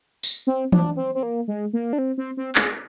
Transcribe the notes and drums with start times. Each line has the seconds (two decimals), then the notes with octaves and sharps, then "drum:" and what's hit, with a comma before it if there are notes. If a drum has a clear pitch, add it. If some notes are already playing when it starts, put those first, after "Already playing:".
0.23 drum: tambourine
0.47 C4
0.72 D4, drum: tom E3
0.97 C4
1.15 C4
1.23 A#3
1.48 G#3
1.73 A#3
1.93 D4
1.98 C4
2.18 C4
2.37 C4
2.55 G#3, drum: clap